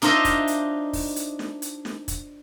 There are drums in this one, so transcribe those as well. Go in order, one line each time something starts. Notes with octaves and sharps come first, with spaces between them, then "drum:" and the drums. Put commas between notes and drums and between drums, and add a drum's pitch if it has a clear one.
D4 D#4 F4 C5 D#5 E5, drum: snare
drum: kick, hi-hat
drum: hi-hat
drum: kick, open hi-hat
drum: hi-hat
drum: snare
drum: hi-hat
drum: snare
drum: kick, hi-hat